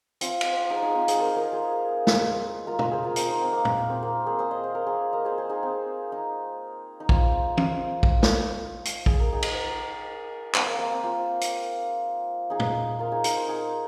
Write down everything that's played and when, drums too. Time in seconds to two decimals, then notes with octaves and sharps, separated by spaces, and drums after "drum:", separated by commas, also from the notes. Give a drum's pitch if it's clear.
0.21 C4 F4, drum: hi-hat
0.41 drum: cymbal
0.70 D#4 G#4
0.82 D#4 G#4
0.95 C4 F4
1.08 D#4 G#4, drum: hi-hat
1.20 F4 A#4
1.36 A#4 D#5
1.53 G#4 C5
2.07 drum: snare
2.67 F4 A#4
2.79 F4 A#4, drum: tom
2.91 G#4 C5
3.04 F4 A#4
3.16 C4 F4, drum: hi-hat
3.29 D#4
3.41 C4
3.53 A#3
3.65 C4, drum: tom A#2
3.78 C4
3.90 C4
4.03 A#3
4.26 G#4 C5
4.39 G#4 C5
4.51 D#5
4.64 C5
4.75 A#4
4.87 G#4 C5
5.13 A#4 D#5
5.25 G#4 C5
5.38 G#4 C5
5.49 D#4 G#4
5.63 C4
6.12 D#4
7.00 D#4
7.09 C4 F4, drum: kick A#1
7.57 drum: tom E3
8.03 drum: kick A#1
8.23 drum: snare
8.85 drum: hi-hat
9.06 G#4, drum: kick A#1
9.20 A#4
9.32 D#4 G#4
9.42 drum: cymbal
10.54 C4, drum: clap
10.66 A#3
10.79 A#3
10.91 C4
11.03 C4 F4
11.41 drum: hi-hat
12.50 D#4 G#4
12.60 drum: tom A#2
12.99 F4 A#4
13.12 D#4 G#4
13.24 D#4 G#4, drum: hi-hat
13.36 G#4 C5
13.49 D#4 G#4